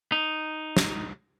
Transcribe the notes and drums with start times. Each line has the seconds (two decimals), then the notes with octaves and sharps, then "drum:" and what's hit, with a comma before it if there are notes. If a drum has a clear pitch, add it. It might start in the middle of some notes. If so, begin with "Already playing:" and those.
0.12 D#4
0.77 drum: snare